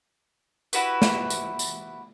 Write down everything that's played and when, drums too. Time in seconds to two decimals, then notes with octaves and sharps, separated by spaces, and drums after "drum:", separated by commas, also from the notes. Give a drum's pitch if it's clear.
0.73 E4 F#4 G4 B4, drum: tambourine
1.02 drum: snare
1.30 drum: tambourine
1.59 drum: tambourine